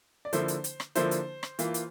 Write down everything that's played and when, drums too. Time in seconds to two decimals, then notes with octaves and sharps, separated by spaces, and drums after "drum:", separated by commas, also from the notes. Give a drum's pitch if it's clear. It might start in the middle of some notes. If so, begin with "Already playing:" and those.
0.25 D5
0.33 D3 F3 A#3 E4 C5, drum: hi-hat
0.48 drum: hi-hat
0.64 drum: hi-hat
0.80 drum: rim click
0.95 D3 F3 A#3 E4 C5, drum: hi-hat
1.11 drum: hi-hat
1.43 drum: rim click
1.59 E3 A#3 F4, drum: hi-hat
1.74 drum: hi-hat